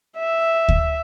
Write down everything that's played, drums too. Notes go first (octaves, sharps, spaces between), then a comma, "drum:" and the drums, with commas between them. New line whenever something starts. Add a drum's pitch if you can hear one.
E5
drum: kick D2